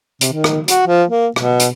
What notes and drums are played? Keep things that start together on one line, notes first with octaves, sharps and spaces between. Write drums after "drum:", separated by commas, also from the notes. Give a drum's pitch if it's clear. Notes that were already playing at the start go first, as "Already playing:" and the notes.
C3, drum: hi-hat
D#3
drum: rim click
F#4, drum: hi-hat
F3
A#3
B2, drum: rim click
drum: hi-hat